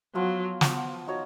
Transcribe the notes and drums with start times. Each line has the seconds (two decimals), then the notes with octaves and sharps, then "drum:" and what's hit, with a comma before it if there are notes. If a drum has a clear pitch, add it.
0.15 F3 F#3 B3 F4
0.61 F3 B3 F4, drum: snare
1.07 D#4 F#4 C#5